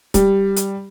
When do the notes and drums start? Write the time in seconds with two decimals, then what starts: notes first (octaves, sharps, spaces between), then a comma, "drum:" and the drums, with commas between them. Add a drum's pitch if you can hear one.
0.14 G3, drum: kick C#1, hi-hat
0.57 drum: hi-hat